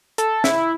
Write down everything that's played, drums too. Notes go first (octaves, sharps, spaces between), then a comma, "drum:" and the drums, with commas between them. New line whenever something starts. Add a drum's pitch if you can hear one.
A4, drum: hi-hat
E4, drum: snare